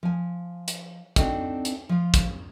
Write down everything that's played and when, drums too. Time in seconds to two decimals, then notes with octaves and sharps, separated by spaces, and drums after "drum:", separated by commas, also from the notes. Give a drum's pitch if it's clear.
0.03 F3 G#5
0.68 drum: hi-hat
1.16 C4 D4 D#4 F#4 A4, drum: kick, hi-hat
1.65 drum: hi-hat
1.89 F3 F4
2.14 drum: kick, hi-hat